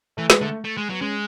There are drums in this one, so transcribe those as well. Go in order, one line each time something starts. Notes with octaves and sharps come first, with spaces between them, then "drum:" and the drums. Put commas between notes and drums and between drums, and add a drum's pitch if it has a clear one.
E3 A3
G#3, drum: snare
D3 A3
A3
G#3
F#3 B3
G#3 C#4